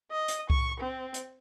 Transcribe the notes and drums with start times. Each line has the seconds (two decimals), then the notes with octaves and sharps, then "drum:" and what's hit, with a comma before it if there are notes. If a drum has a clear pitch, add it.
0.11 D#5
0.28 drum: hi-hat
0.50 C#6, drum: kick C2
0.80 C4
1.14 drum: hi-hat